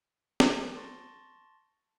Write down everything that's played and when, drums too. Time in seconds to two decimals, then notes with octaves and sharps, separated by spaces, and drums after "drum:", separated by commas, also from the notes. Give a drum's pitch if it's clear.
0.40 B3 C#4 A#4 B4 D6, drum: snare
0.76 A5 C6 C#6 A6 A#6